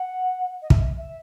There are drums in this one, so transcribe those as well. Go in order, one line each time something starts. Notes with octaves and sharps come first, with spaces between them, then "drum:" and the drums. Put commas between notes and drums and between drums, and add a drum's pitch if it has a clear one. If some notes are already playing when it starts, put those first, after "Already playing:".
Already playing: F#5
D#5
E5, drum: kick
E5